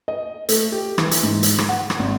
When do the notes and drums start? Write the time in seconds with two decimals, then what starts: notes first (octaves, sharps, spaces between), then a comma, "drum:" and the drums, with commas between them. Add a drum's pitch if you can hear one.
0.08 D#5
0.49 A3, drum: hi-hat
0.72 G4
0.98 E3, drum: rim click
1.11 drum: hi-hat
1.23 G#2
1.43 drum: hi-hat
1.58 drum: rim click
1.69 F#5
1.90 drum: rim click
1.99 G#1